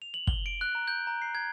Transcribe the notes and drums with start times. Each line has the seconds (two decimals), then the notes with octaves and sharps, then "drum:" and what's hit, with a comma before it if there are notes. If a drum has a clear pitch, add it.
0.02 F7
0.14 F#7
0.27 G7, drum: kick
0.46 D7
0.61 F#6
0.75 A#5
0.88 G6
1.07 A#5
1.22 C7
1.35 G#6